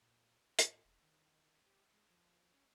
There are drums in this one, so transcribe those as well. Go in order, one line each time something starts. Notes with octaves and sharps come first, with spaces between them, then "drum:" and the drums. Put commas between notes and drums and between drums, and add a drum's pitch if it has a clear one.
A#2
A2, drum: hi-hat
E1
D#3
G4
G#3
F3
C#4